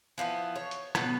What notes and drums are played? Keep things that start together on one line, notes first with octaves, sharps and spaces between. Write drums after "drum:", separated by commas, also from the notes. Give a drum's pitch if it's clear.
E3 F3 A#3 B3
C#5
drum: hi-hat
B2 B3 B4, drum: rim click